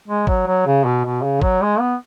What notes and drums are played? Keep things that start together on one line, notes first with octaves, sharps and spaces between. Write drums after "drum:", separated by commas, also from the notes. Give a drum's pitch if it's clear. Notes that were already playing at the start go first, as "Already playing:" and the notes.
G#3
F#3, drum: kick
F#3
C#3
B2
B2
C#3
F#3, drum: kick
G#3
B3